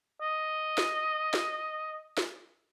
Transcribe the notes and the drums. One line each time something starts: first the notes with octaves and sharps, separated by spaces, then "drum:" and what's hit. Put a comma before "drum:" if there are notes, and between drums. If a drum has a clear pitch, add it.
D#5
drum: snare
drum: snare
drum: snare